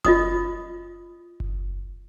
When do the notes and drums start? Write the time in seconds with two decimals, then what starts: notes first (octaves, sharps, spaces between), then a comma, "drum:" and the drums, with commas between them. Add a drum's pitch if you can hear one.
0.05 F4 D#5 D#6, drum: kick F#1
1.40 drum: kick F#1